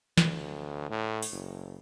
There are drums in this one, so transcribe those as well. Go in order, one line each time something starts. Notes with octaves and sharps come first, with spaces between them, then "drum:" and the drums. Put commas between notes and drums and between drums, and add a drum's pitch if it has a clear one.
D2, drum: snare
A2
drum: open hi-hat
F#1